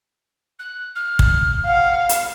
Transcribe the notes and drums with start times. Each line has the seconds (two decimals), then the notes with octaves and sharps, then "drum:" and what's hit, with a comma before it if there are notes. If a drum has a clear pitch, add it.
0.59 F#6
0.95 F6
1.19 drum: kick
1.67 F5 F#5
2.09 drum: hi-hat